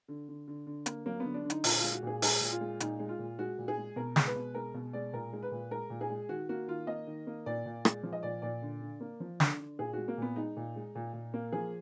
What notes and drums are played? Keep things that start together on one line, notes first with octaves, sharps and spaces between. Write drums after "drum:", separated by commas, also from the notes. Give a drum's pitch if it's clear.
D3
D3
D3
D3
A#3, drum: hi-hat
F#3 A#3
D3 B3
D4
D3
D#4, drum: hi-hat
A#2 F4, drum: open hi-hat
G#3 F4
F#4
A#2 G#4
G#3 G#4, drum: open hi-hat
A#2
F4
G#3
A#2 D#4, drum: hi-hat
G#3
F4
A#2
G#3 F#4
A#2
G#4
G#3
B2 A#4
G#3, drum: snare
B4
B2
G#3 A#4
B2
G#3 D5
A#2 A#4
G#3
B4
A#2
G#3 A#4
A#2
G#4
G#3
D#3 F#4
A#3 F#4
D#3 F4
A#3 D#5
D#3
A#3
A#2 D5
A#2
G#3, drum: rim click
F3
D#5
A#2 D5
A#2 D5
D3
D3
A#3
F3
D3, drum: snare
D3
A#2 G#4
G#3 F#4
A#3
A#2 B3
G#3 D#4
A#2
G#3
A#2
A#2
A#3
F3 G#4